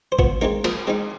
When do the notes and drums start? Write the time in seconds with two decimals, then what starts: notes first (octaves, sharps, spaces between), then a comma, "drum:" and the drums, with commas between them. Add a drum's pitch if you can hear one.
0.12 C5
0.19 F3 B3 B4, drum: kick
0.41 G#3 A#3 C4 D#4 A#4
0.64 F3 A#3 A#4, drum: cymbal
0.87 G#3 C4 D#4